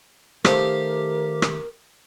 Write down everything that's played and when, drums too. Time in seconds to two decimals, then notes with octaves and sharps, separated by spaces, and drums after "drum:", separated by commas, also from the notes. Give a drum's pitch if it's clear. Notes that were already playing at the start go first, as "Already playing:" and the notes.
0.45 D#3 A3 G4 A4 A#4 C5 F5, drum: rim click
1.42 drum: rim click